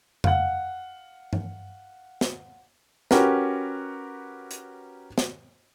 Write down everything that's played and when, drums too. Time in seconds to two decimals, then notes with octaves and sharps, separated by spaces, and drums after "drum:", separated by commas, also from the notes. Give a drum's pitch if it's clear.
0.24 F5 F#5, drum: tom F2
1.33 drum: tom G2
2.21 drum: snare
3.11 C#4 F#4 G4 A#4 B4, drum: snare
4.51 drum: hi-hat
5.18 drum: snare